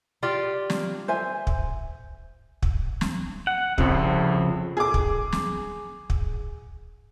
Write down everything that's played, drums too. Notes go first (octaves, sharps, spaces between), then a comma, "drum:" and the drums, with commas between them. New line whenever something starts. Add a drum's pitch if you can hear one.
F4 G4 D5 G5
drum: snare
C5 E5 G#5
drum: kick
drum: kick
drum: snare
F#5
C2 F2 C#3 F3, drum: kick
G#4 D6
drum: kick
drum: snare
drum: kick